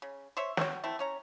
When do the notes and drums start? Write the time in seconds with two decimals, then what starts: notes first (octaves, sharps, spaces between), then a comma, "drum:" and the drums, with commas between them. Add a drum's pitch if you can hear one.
0.02 C#3
0.37 C5 C#5 E5
0.57 F#4 C#5 F#5 G5, drum: snare
0.84 A3 C4 E4
0.99 C#4 C#5 A#5